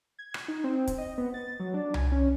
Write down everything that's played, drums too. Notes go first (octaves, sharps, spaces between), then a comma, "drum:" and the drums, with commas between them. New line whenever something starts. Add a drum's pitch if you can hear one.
G#6
drum: rim click
D#4
C4
drum: kick, hi-hat
D#5
B3
A6
F#3
D4
G#5, drum: tom C2
C#4